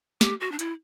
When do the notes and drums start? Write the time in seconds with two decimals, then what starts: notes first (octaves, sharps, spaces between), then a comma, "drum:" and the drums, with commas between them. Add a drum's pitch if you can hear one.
0.21 G4, drum: snare
0.41 F#4
0.52 D4
0.59 E4, drum: hi-hat